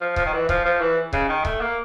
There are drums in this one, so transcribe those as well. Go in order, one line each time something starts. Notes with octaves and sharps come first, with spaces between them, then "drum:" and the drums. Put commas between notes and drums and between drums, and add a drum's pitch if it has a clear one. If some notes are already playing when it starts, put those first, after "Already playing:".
F3
F3, drum: kick C#1
D#3
E3
F3, drum: kick C#1
F3
E3
C#3, drum: kick C#1
D#3
A3, drum: kick C#1
A#3